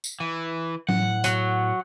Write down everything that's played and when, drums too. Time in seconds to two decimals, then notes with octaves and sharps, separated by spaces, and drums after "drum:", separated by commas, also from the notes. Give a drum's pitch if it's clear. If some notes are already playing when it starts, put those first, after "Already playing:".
0.04 drum: tambourine
0.20 E3
0.89 A2 F#5, drum: tom F#3
1.24 F#3, drum: hi-hat